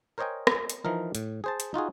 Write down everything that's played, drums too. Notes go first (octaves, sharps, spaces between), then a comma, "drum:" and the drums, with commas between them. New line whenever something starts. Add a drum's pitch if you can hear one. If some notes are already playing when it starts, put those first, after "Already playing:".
A#4 C5 C#5 D#5 G5 G#5
drum: rim click
drum: hi-hat
E3 F3 D#4 A#4
A2, drum: hi-hat
G#4 C5 A5
drum: hi-hat
D#4 F4 F#4 G#4